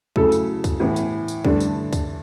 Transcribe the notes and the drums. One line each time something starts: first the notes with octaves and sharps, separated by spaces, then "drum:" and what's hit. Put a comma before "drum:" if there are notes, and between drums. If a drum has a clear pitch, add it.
C#3 F#3 A3 E4 A4, drum: kick C#2
drum: tambourine
drum: kick C#2, tambourine
A2 E3 B3
drum: tambourine
drum: tambourine
G2 D3 A3 D4, drum: kick C#2
drum: tambourine
drum: kick C#2, tambourine